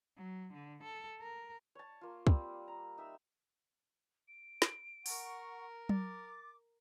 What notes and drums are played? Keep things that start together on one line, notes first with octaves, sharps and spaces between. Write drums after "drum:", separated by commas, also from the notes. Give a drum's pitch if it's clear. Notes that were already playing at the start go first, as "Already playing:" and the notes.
F#3
D3
A4
A#4
C#5 A5
A#3 F4
G3 A#3 C4, drum: kick
A#5
D#4 E5 E6
D7
drum: snare
A#4 F#5 C#6, drum: open hi-hat
D6 A6, drum: tom F#3